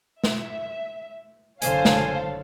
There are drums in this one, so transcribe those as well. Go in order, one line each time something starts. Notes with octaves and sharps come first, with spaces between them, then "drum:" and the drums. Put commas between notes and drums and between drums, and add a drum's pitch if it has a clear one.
E5, drum: snare
F#1 D3 C5 C#5 F5 G#5 A5, drum: hi-hat
drum: snare